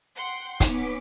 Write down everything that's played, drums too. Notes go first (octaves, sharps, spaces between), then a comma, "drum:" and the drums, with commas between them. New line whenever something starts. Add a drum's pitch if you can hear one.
F#5 G5 C6
B3 C#4 D#4 D6 B6, drum: kick, hi-hat